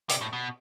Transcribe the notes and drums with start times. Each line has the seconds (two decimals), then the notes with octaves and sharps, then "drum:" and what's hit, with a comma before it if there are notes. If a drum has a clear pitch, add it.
0.09 C3, drum: hi-hat
0.21 A2
0.33 B2